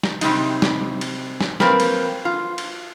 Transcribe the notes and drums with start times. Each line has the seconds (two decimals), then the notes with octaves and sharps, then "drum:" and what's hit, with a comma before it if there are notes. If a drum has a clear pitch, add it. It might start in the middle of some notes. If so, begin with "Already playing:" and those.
0.03 drum: snare
0.21 C3 G3 C4 D#4, drum: cymbal
0.62 drum: snare
1.01 drum: cymbal
1.41 drum: snare
1.60 F3 A#3 C4 A#4 B4, drum: snare
1.80 drum: cymbal
2.25 F4
2.58 drum: cymbal